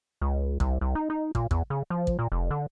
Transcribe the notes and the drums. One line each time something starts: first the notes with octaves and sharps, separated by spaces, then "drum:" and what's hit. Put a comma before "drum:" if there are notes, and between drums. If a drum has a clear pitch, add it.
C#2
C2, drum: kick
C2
D#4
D#4
A#2, drum: kick
E2, drum: kick
C#3
F3
drum: kick
A#2
F1
D3